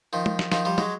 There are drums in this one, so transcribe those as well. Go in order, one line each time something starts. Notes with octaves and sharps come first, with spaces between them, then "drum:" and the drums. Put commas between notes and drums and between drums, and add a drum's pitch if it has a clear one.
D#3 F3
drum: tom
drum: snare
D#3 F3, drum: snare
F3 G3
F#3 G#3, drum: tom